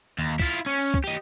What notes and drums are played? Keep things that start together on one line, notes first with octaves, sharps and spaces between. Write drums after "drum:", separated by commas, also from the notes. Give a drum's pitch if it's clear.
D#2
E4 F4, drum: kick
C#4
drum: kick
G4 D#5